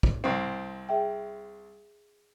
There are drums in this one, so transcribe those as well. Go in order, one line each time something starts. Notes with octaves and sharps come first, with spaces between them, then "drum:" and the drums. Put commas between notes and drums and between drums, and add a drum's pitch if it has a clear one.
drum: kick
C2 C4
G#4 E5 G5